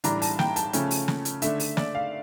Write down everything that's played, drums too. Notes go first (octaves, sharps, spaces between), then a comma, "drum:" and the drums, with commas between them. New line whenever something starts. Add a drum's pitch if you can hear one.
A2 E3 G3 D4 A#5, drum: hi-hat
A5, drum: open hi-hat
G5, drum: snare
A5, drum: hi-hat
C#3 F3 A3 C#4, drum: hi-hat
drum: open hi-hat
drum: snare
drum: hi-hat
D3 A3 D4 E5, drum: hi-hat
drum: open hi-hat
D5, drum: snare
F5